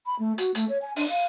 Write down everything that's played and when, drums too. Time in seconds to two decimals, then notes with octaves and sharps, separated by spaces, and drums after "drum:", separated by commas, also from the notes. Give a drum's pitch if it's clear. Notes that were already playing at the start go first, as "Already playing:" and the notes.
0.06 B5
0.19 A3
0.38 F#4, drum: hi-hat
0.55 A3, drum: hi-hat
0.69 C#5
0.82 G#5
0.96 D4, drum: open hi-hat
1.09 F5